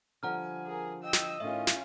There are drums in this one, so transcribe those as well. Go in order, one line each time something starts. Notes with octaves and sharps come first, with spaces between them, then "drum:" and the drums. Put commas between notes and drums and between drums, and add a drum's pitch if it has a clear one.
D3 F3 G3 F#5 G#5 A#5 F6
G#4 A#4
D#5 G5 E6
drum: snare
A2 D#3 C#4 F4 E5
drum: snare